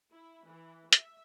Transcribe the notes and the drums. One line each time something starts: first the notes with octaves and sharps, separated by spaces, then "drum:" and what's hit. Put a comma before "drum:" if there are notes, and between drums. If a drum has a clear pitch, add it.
E4
E3
E5, drum: hi-hat